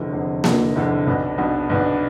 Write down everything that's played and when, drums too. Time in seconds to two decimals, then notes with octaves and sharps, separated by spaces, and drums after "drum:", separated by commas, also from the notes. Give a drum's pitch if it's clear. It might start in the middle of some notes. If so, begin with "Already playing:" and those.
Already playing: F1 E2 D3
0.12 F1 E2 D3
0.44 F1 E2 D3, drum: snare A#3
0.75 F1 E2 D3
1.07 B1 B2 B3 D4
1.38 B1 B2 B3 D4
1.70 B1 B2 B3 D4